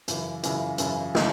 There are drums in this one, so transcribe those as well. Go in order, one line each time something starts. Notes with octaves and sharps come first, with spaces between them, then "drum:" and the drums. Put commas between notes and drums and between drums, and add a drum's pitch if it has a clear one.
F#2 C#3 E3, drum: hi-hat
F#2 C#3 E3, drum: hi-hat
F#2 C#3 E3, drum: hi-hat
C#3 E3, drum: snare